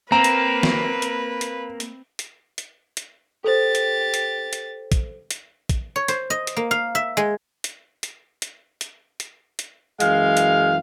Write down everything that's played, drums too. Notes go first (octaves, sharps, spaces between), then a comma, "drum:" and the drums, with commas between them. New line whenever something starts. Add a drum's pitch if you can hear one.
A#3 C4 B4 A#5
drum: hi-hat
drum: snare
drum: hi-hat
drum: hi-hat
drum: hi-hat
drum: hi-hat
drum: hi-hat
drum: hi-hat
G4 A4 C5 A6
drum: hi-hat
drum: hi-hat
drum: hi-hat
drum: kick, hi-hat
drum: hi-hat
drum: kick, hi-hat
C#5
C5, drum: hi-hat
D#5
drum: hi-hat
A#3
F5
E5
G#3
drum: hi-hat
drum: hi-hat
drum: hi-hat
drum: hi-hat
drum: hi-hat
drum: hi-hat
F#2 E3 G#3 F5, drum: hi-hat
drum: hi-hat